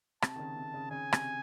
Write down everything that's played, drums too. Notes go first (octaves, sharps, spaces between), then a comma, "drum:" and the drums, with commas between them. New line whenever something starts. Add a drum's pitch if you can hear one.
C3 A5, drum: rim click
D#3
C#3
C3
C#3
C#3 G#5
C3, drum: rim click